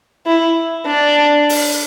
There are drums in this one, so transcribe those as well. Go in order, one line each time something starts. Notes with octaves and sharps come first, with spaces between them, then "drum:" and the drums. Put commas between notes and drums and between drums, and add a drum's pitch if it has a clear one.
E4
D4
drum: open hi-hat